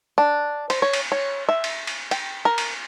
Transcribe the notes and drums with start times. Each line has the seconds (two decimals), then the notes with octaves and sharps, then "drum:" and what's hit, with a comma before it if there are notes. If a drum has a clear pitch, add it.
0.18 D4
0.70 C5, drum: cymbal
0.82 C#5
0.93 drum: cymbal
1.12 C#5
1.49 E5
1.64 drum: cymbal
1.87 drum: cymbal
2.11 G5, drum: cymbal
2.45 A#4
2.58 drum: cymbal